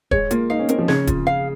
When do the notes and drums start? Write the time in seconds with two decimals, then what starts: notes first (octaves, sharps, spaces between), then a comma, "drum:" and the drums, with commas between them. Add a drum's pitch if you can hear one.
0.11 G#3 C#5, drum: kick D#1
0.31 A#3 F4, drum: hi-hat
0.50 D#4 F5
0.59 C#4
0.69 C4 A#4, drum: hi-hat
0.79 F3
0.88 C#3 C#5, drum: snare
1.07 F4, drum: kick D#1, hi-hat
1.27 F5